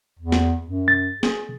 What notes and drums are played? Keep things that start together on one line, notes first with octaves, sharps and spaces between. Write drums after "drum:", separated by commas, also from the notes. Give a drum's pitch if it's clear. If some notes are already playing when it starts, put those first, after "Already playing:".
E2
drum: snare
F#2
A6
G#4, drum: snare